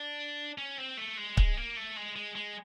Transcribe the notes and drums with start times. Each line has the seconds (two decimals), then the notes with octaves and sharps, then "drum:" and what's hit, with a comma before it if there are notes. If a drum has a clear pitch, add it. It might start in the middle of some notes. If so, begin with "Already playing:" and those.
Already playing: D4
0.58 C#4
0.78 C4
0.97 A3
1.17 G#3
1.37 G#3, drum: kick C#1
1.57 A#3
1.77 A3
1.96 G#3
2.16 G#3
2.35 G#3